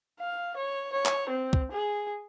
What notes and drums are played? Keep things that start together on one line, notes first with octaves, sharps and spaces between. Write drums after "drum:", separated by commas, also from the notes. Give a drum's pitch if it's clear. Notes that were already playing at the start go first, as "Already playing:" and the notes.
F5
C#5
C#5
drum: clap
C4
drum: kick C#2
G#4